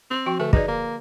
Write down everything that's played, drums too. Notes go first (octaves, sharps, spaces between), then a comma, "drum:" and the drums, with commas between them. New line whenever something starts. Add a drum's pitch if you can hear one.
C4
F3 F#4 G5
D3 A3 B4
D#4 G#4 B4 D5, drum: kick
A#3